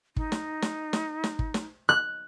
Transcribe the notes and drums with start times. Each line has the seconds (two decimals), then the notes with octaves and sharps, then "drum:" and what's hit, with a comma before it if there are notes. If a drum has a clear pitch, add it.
0.16 D#4, drum: kick
0.32 drum: snare
0.62 drum: snare
0.93 drum: snare
1.24 drum: snare
1.39 drum: kick
1.54 drum: snare
1.89 F#6